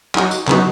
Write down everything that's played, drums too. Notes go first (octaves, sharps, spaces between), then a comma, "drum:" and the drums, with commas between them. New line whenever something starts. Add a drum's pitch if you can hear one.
F#3 D#4 F#4, drum: clap
drum: tambourine
C#3 F#3 B3 D#4 F#4, drum: clap